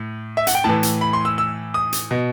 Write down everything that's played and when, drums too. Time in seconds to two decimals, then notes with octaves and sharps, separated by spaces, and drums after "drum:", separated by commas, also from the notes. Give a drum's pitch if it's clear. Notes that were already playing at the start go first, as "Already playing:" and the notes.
Already playing: A2
0.37 E5
0.47 F#5, drum: hi-hat
0.55 G5
0.64 A2 E3 A5
0.83 drum: hi-hat
1.01 B5
1.13 C6
1.25 E6
1.38 E6
1.74 D#6
1.93 drum: hi-hat
2.11 B2